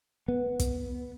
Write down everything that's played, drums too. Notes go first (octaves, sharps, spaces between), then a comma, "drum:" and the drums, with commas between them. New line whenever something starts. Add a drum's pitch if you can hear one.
B3
drum: kick, hi-hat